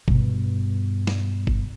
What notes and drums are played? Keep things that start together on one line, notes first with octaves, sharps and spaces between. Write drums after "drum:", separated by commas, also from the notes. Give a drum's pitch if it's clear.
G2 B2, drum: kick G1
drum: snare
drum: kick G1